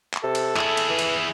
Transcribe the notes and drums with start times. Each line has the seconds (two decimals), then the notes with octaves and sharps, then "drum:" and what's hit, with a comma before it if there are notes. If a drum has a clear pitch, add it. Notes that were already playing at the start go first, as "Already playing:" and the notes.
0.14 drum: clap
0.24 C3 A4
0.35 drum: cymbal
0.56 A3 E4 G#4, drum: clap
0.77 drum: cymbal
0.89 E3
0.99 drum: cymbal